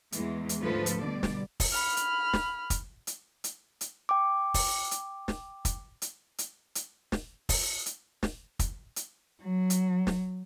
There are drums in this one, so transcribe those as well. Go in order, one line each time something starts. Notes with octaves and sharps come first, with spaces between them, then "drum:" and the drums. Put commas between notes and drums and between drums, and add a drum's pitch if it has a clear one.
E2 E3 G#3, drum: hi-hat
drum: hi-hat
D2 G#2 F3 G#3 A4 B4
drum: hi-hat
B2 D3 G3 D5
drum: snare
drum: kick, open hi-hat
B5 F6
drum: hi-hat
drum: snare
drum: kick, hi-hat
drum: hi-hat
drum: hi-hat
drum: hi-hat
G5 D6
drum: kick, open hi-hat
drum: hi-hat
drum: snare
drum: kick, hi-hat
drum: hi-hat
drum: hi-hat
drum: hi-hat
drum: snare
drum: kick, open hi-hat
drum: hi-hat
drum: snare
drum: kick, hi-hat
drum: hi-hat
F#3
drum: hi-hat
drum: snare